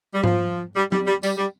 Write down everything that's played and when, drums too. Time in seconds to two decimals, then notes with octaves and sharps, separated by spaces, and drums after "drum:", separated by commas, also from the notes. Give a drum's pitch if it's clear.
0.14 G3
0.24 F3, drum: tom G#2
0.76 G3
0.92 G3, drum: tom F#3
1.07 G3
1.23 G3, drum: tambourine
1.37 G3